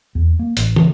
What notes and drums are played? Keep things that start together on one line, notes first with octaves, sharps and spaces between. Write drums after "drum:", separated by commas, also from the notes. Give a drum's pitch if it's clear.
E2
A#3
A1, drum: hi-hat
E3, drum: tom